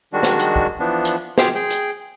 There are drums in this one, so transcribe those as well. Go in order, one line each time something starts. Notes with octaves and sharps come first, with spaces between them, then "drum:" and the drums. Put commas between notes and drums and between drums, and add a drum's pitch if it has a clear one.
D#3 G3 G#3 D4 F#4
drum: snare
drum: hi-hat
drum: kick
E3 F3 B3 D4
drum: hi-hat
F4 G4 G#4 C5 F5 G5, drum: snare
G#4 G5
drum: hi-hat